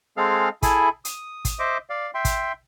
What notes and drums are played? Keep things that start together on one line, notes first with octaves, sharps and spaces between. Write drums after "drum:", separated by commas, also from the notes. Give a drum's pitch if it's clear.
G#3 C4 G#4 A4 F5 F6
E4 G#4 A4 E5 G#5 B5, drum: kick, hi-hat
D#6, drum: hi-hat
drum: kick, hi-hat
C5 D#5 E5 D6
D5 F5
E5 G5 C6
drum: kick, hi-hat